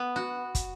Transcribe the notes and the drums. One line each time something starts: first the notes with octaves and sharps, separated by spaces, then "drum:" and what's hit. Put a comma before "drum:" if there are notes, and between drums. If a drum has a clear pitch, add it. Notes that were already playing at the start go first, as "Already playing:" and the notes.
Already playing: B3
F#4
drum: kick, hi-hat